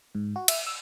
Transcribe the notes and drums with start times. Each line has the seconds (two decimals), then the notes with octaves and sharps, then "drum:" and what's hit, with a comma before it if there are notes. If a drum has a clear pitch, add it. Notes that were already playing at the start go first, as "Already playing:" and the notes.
0.15 G#2
0.36 F#4
0.48 E5, drum: cymbal
0.67 E6